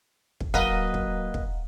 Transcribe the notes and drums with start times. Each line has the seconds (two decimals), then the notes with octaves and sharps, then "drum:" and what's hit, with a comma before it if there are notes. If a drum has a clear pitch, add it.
0.40 drum: kick
0.54 F#3 A#3 B4 D#5 F5 F#5 A#5, drum: kick
0.94 drum: kick
1.34 drum: kick